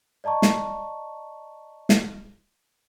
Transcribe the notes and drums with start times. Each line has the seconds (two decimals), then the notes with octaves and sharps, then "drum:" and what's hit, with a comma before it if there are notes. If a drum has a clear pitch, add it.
0.24 D5 D#5 A5 A#5 C#6
0.42 drum: snare
1.89 drum: snare